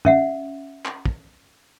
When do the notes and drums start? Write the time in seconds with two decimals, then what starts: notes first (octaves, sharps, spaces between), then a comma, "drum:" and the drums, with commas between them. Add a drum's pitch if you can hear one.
0.05 C#4 E5 F#5, drum: tom
0.85 drum: clap
1.06 drum: kick